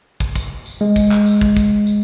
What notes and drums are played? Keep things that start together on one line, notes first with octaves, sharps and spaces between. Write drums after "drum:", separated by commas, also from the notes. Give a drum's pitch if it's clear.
drum: kick
drum: kick, tambourine
drum: tambourine
G#3
drum: kick, tambourine
drum: clap
drum: tambourine
drum: kick
drum: kick, tambourine
drum: tambourine